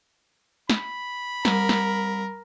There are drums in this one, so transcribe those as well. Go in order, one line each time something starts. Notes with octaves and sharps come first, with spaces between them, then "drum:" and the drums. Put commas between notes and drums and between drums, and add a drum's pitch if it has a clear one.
B5, drum: snare
C2 A#4, drum: snare
drum: snare